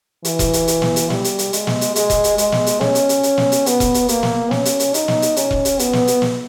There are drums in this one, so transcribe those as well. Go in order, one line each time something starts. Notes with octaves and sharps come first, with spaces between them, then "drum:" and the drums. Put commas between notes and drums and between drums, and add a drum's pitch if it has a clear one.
E3, drum: hi-hat
drum: kick E1, hi-hat
drum: hi-hat
drum: hi-hat
drum: snare
drum: hi-hat
G3, drum: snare
drum: hi-hat
drum: hi-hat
G#3, drum: hi-hat
drum: snare
drum: hi-hat
G#3, drum: hi-hat
drum: kick E1, hi-hat
drum: hi-hat
G#3, drum: hi-hat
drum: snare
drum: hi-hat
C#4, drum: snare
drum: hi-hat
drum: hi-hat
drum: hi-hat
drum: snare
drum: hi-hat
B3, drum: hi-hat
drum: kick E1, hi-hat
drum: hi-hat
A#3, drum: hi-hat
drum: snare
C#4, drum: snare
drum: hi-hat
drum: hi-hat
D#4, drum: hi-hat
drum: snare
drum: hi-hat
C#4, drum: hi-hat
drum: kick E1
drum: hi-hat
B3, drum: hi-hat
drum: snare
drum: hi-hat
drum: snare